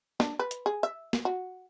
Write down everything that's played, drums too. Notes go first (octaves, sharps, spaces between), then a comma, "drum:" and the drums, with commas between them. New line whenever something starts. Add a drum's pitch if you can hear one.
D4, drum: snare
B4
drum: hi-hat
G#4
E5
drum: snare
F#4